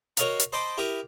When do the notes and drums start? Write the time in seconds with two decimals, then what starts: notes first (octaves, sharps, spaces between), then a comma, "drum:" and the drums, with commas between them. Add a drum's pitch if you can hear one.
0.17 F#4 A#4 C#5 D#5 F5 A#5, drum: hi-hat
0.40 drum: hi-hat
0.52 C5 D#5 A5 B5 C6 D6
0.78 E4 G4 A#4 D#6